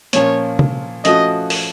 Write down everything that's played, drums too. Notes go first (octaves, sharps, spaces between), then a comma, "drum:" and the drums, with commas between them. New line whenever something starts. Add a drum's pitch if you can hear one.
A#2 F3 A#3 C#4 F4 C#5, drum: hi-hat
drum: tom C3
F3 A3 C#4 F#4 D#5, drum: hi-hat
drum: open hi-hat